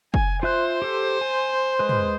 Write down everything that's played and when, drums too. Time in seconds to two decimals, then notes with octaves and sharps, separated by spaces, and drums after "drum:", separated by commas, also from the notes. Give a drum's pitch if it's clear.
0.14 G#5, drum: kick
0.43 F4 C5 E5 F#6
0.82 G4 A4
1.21 G#5
1.79 G#3 B4
1.89 drum: tom